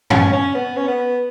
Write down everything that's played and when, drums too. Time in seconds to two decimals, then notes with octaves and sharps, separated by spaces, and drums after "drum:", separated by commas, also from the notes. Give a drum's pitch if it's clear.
0.10 C#4, drum: tom F#2
0.33 C#4
0.55 B3
0.77 C#4
0.88 B3